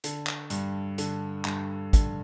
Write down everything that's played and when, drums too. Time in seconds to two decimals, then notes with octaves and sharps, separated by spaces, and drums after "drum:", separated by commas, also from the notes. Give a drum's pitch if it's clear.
0.04 D3, drum: hi-hat
0.27 drum: clap
0.50 G2, drum: hi-hat
0.98 D3, drum: hi-hat
1.45 G2, drum: clap
1.93 D3, drum: kick, hi-hat